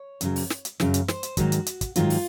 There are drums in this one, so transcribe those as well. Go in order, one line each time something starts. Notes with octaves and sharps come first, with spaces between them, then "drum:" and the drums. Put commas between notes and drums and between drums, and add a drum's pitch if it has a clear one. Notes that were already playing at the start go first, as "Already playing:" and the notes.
Already playing: C#5
F#2 C#3 F#3, drum: hi-hat
drum: open hi-hat
drum: snare
drum: hi-hat
F#2 C#3 F#3, drum: snare
drum: hi-hat
C5, drum: snare
drum: hi-hat
G#2 D#3 F#3 F#4, drum: kick, hi-hat
drum: hi-hat
drum: hi-hat
drum: kick, hi-hat
G#2 D#3 F#3 F4, drum: hi-hat
drum: open hi-hat